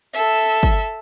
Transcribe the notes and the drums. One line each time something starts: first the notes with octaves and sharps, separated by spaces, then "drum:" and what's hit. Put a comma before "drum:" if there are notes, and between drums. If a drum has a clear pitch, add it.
A4 E5
drum: kick